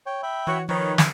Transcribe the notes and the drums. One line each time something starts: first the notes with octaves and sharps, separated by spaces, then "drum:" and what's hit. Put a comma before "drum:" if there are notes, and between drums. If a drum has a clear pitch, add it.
C#5 G5
E5 G5 B5
E3 F#4 C#5
D#3 F3 B4 C#5
drum: snare